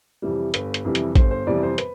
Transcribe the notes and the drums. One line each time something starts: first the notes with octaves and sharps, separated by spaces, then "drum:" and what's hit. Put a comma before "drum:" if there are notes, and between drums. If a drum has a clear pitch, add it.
F2 C3 E3 G3
G1 B4, drum: hi-hat
drum: hi-hat
F2 C3 E3 G3
drum: hi-hat
G1 C5, drum: kick A1, hi-hat
C5
F2 C3 E3 G3 D5
C5
B4, drum: hi-hat